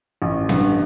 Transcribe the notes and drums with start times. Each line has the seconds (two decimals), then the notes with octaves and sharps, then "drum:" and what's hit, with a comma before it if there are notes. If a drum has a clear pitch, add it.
0.22 A1
0.49 G2, drum: snare B3